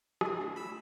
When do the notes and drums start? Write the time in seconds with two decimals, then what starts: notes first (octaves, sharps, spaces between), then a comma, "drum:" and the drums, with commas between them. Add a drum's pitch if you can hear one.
0.21 D#5 G5 G#5, drum: rim click
0.38 D3 A3 D4
0.56 F4 B5 E6